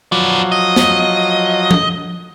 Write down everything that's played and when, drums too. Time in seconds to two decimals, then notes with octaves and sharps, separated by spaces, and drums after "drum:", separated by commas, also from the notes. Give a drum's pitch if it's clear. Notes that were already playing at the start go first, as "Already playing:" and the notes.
0.12 F3 F#3 B3 D5
0.52 D#5
0.76 drum: snare
1.71 drum: tom F3